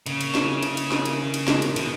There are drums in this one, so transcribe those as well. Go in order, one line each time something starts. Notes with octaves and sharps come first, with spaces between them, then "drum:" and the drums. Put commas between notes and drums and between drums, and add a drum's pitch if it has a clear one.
C#3 A#3, drum: cymbal
drum: cymbal
E4 A#4 D#5, drum: snare
A#3, drum: cymbal
drum: cymbal
E4 A#4 D#5, drum: snare
drum: cymbal
D#3
drum: cymbal
G#3 D#4 A#4 D#5, drum: snare
drum: cymbal
B2 D#3, drum: cymbal